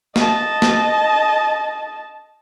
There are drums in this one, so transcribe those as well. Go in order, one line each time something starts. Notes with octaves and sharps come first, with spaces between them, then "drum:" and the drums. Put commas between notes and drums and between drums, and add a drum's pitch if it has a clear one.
D#5 A5, drum: snare
drum: snare